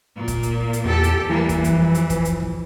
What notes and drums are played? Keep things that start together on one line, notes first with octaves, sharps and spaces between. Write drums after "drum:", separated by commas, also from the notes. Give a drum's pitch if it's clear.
A#2 A#3
drum: kick, hi-hat
drum: hi-hat
drum: hi-hat
E2 G4 A4
drum: hi-hat
E3 G3 A#3
drum: kick, hi-hat
F2, drum: hi-hat
drum: hi-hat
drum: kick, hi-hat
drum: hi-hat
drum: tom